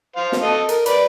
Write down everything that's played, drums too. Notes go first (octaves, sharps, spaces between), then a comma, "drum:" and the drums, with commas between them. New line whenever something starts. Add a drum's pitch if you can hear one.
C5 F5
drum: snare
A4 D#5
A#4, drum: hi-hat
B4 D5, drum: hi-hat